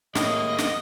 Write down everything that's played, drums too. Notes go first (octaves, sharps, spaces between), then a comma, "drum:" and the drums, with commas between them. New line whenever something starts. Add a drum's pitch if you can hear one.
A2 G#3 A#3 D#5, drum: snare
drum: snare